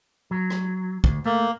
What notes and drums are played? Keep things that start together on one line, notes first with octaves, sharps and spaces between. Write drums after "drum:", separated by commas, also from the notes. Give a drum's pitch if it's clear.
F#3
drum: rim click
D2, drum: kick
A3 A#3